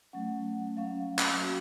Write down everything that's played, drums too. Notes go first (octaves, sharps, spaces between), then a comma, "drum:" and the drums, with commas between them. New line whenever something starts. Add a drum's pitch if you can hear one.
F#3 A3 C#4 F#5
F#3 A#3 C#4 F5
drum: clap
A#3 C#4 F#4